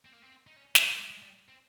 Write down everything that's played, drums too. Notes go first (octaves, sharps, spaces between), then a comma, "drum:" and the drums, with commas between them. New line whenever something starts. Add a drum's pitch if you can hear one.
C4
A#3
C4
D#4
C#4
G3, drum: snare
G#3
G#3
G3
C4